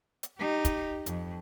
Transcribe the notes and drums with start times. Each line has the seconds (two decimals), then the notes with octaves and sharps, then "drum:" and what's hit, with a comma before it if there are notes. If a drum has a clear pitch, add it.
0.23 drum: hi-hat
0.38 D#4 G4
0.65 drum: kick, hi-hat
1.06 F2, drum: hi-hat